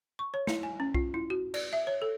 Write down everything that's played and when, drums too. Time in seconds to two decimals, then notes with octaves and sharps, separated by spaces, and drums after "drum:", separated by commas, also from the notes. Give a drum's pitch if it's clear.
0.19 C#6
0.34 C#5
0.47 E4, drum: snare
0.63 G#5
0.80 C#4
0.94 F4, drum: kick B1
1.14 E4
1.30 F#4
1.54 D5, drum: cymbal
1.73 E5
1.87 C#5
2.02 A4